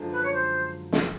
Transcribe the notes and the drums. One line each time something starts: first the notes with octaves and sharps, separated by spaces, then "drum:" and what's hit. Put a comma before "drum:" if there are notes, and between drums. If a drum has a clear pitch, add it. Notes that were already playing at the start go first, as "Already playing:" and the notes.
Already playing: F#2 D3 F3 G#3
B4
C#5
C5
drum: snare